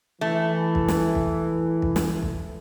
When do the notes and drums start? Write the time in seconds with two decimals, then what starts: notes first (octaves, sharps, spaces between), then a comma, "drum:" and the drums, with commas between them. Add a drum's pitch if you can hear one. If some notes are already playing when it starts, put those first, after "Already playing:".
0.21 E3 A3
0.75 drum: kick
0.88 drum: snare
1.15 drum: kick
1.82 drum: kick
1.96 drum: snare
2.23 drum: kick